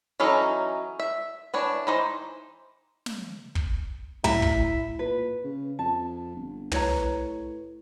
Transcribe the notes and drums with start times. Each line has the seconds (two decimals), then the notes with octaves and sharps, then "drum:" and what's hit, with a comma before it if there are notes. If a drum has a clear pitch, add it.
0.20 E3 F#3 C#4 D#4 A4
0.99 E5
1.54 E3 D4 C#5
1.87 E3 D#4 C5
3.06 drum: snare
3.55 drum: kick
4.24 A2 E4 E5 A#5, drum: tom
4.42 drum: kick
4.99 A#2 B4
5.44 C#3
5.79 F2 A5
6.35 G1
6.71 A2 B4 C#5 A#5, drum: tom